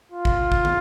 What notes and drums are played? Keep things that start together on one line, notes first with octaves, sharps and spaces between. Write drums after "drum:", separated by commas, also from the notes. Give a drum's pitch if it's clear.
F4
drum: kick G#1
drum: kick G#1
drum: tom